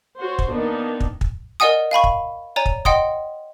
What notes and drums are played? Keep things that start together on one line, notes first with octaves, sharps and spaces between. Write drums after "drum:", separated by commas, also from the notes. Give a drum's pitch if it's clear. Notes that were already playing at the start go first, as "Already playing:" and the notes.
F#4 C5 C#5
drum: kick
D#3 A#3 B3 D4 D#4
drum: kick
drum: kick
A#4 D5 D#5 F#5 G#5 D#6
F5 G#5 B5 C#6
drum: kick
C#5 D5 G#5 A#5
drum: kick
D#5 F#5 G5 C6 D#6, drum: kick